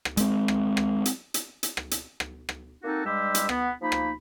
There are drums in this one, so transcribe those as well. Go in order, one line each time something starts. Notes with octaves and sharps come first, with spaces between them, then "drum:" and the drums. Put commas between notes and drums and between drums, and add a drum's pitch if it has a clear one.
drum: rim click
G#3 C4, drum: hi-hat
drum: rim click
drum: rim click
drum: hi-hat
drum: hi-hat
drum: hi-hat
drum: rim click
drum: hi-hat
drum: rim click
drum: rim click
A#3 C4 D#4 F#4 A4
G2 G3 G#3 G4 E6
drum: hi-hat
B3, drum: rim click
F3 A#3 D#4 B5
drum: rim click